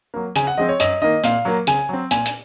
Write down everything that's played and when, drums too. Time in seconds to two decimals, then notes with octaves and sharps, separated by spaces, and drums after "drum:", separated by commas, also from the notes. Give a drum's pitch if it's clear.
0.14 F#3 A#3
0.36 C#3 G#5, drum: hi-hat
0.47 F#5
0.58 F3 G#3 C4 D#5
0.69 C#5
0.80 F#2 D#5, drum: hi-hat
1.02 D#3 A#3 D#5
1.24 A#2 F5, drum: hi-hat
1.45 F#3 A#3
1.67 C#3 G#5, drum: hi-hat
1.89 F#3 C4
2.11 A#2 G#5, drum: hi-hat
2.26 drum: hi-hat